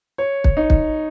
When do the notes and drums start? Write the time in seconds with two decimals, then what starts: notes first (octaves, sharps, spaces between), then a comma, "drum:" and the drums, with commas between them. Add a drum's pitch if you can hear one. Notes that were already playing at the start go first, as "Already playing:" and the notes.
0.18 C#5
0.44 drum: kick
0.57 D#4
0.70 drum: kick